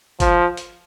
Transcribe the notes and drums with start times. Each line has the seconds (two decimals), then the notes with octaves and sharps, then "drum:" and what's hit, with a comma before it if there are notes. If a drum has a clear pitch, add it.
0.20 F3, drum: kick, hi-hat
0.57 drum: hi-hat